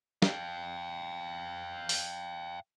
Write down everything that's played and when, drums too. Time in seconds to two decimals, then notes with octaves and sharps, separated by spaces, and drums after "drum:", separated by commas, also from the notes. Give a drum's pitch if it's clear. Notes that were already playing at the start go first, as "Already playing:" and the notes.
0.22 F5 G5, drum: snare
1.89 drum: open hi-hat